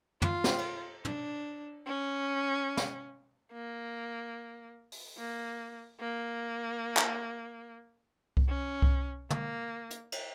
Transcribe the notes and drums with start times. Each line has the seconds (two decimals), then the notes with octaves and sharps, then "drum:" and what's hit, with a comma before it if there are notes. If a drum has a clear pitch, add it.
0.22 F4, drum: tom
0.44 drum: snare
0.58 drum: cymbal
1.05 D4, drum: tom
1.87 C#4
2.77 drum: snare
3.52 A#3
4.92 drum: open hi-hat
5.17 A#3
6.00 A#3
6.97 drum: clap
8.37 drum: kick C2
8.48 C#4
8.82 drum: kick C2
9.30 A#3, drum: tom
9.91 drum: hi-hat
10.12 drum: cymbal